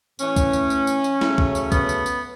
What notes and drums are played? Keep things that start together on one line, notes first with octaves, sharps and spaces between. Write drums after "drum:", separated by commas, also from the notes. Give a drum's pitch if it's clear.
A2 E3 A3 C#4, drum: tambourine
drum: kick, tambourine
drum: tambourine
drum: tambourine
drum: tambourine
drum: tambourine
C#3 F#3 A3, drum: snare
drum: kick
drum: tambourine
B3, drum: kick, tambourine
drum: tambourine
drum: tambourine